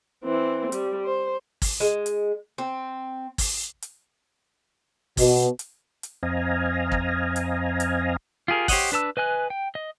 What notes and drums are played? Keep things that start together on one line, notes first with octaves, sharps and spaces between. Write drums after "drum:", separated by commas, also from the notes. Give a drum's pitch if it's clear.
E3 C4
G3, drum: hi-hat
C5
drum: kick, open hi-hat
G#3
drum: hi-hat
C4
drum: kick, open hi-hat
drum: hi-hat
B2, drum: kick, open hi-hat
drum: hi-hat
drum: hi-hat
F2 C4 D#5 F5 G#5 A#5
drum: kick
drum: hi-hat
drum: hi-hat
F4 G4 G#4 A#4
G4 C5 C#5 D#5 F#5, drum: kick, open hi-hat
D4 B4 A5 E6
B4 D#5 G#5 F#6
G5
D#5